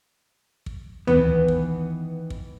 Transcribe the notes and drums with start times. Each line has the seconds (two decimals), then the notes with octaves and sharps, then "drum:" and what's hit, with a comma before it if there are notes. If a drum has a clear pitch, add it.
0.66 drum: kick
1.07 D#3 E3 B3, drum: tom
1.48 drum: kick
2.30 drum: kick